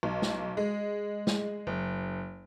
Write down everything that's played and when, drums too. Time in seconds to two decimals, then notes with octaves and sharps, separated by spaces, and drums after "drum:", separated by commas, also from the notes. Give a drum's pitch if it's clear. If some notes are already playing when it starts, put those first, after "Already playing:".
0.03 B1
0.22 drum: snare
0.57 G#3
1.27 drum: snare
1.67 F#1